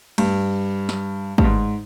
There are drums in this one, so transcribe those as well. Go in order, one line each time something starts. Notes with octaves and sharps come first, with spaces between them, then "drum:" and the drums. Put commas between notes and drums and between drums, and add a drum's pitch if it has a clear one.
G2, drum: cymbal
drum: snare
G2, drum: kick
G#2